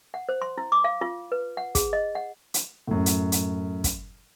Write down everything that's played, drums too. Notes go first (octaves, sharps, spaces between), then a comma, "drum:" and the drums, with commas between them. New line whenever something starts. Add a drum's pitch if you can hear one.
F#5
C5
C6
E4
D6
F5
F4
B4
F#5
G#4, drum: kick, hi-hat
D#5
F#5
drum: hi-hat
F#2 A2
drum: hi-hat
drum: hi-hat
drum: kick, hi-hat